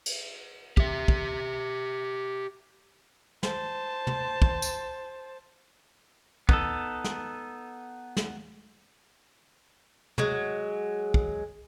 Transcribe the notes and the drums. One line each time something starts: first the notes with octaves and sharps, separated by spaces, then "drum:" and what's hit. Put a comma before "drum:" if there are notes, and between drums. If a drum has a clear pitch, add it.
drum: cymbal
G4 E5, drum: kick
drum: kick
C5 A5, drum: snare
drum: tom
drum: kick
drum: tambourine
B3 D#4 A4, drum: kick
drum: snare
drum: snare
F#3 G#3, drum: tom
drum: kick